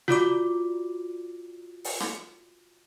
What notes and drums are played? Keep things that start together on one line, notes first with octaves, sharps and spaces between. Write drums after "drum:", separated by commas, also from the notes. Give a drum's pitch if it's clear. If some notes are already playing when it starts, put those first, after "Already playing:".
F4 F#4 D5 D6, drum: snare
drum: open hi-hat
drum: rim click